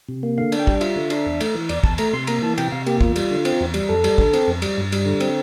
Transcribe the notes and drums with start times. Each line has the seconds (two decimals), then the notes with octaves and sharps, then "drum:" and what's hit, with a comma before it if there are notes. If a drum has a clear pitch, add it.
0.09 C3
0.23 A#3
0.38 D3 F5
0.52 D4, drum: cymbal
0.59 G5
0.67 G3, drum: kick
0.81 F4 E5, drum: cymbal
0.96 D3
1.10 D4, drum: cymbal
1.26 E2
1.41 A3, drum: cymbal
1.55 E3
1.69 E2 D5, drum: cymbal
1.84 E2 A5, drum: kick
1.98 A3 A#5, drum: cymbal
2.13 C3 C6
2.27 A#3 A#5, drum: cymbal
2.42 E3 A5
2.58 C3 G5, drum: cymbal
2.72 C3 F5
2.86 A#3 G4, drum: cymbal
3.01 E2 F4, drum: kick
3.16 G3, drum: cymbal
3.31 D3
3.45 C4, drum: cymbal
3.60 E2
3.74 G3, drum: cymbal
3.89 F2 A4
4.04 G3, drum: cymbal
4.18 D3, drum: kick
4.33 C4, drum: cymbal
4.47 F2
4.62 G3, drum: cymbal
4.77 G2
4.92 G3, drum: cymbal
5.06 D3
5.20 C4, drum: cymbal